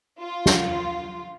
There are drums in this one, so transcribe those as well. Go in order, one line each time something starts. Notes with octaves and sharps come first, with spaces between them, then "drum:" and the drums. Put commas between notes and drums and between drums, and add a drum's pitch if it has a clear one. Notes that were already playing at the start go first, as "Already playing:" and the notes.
F4
drum: snare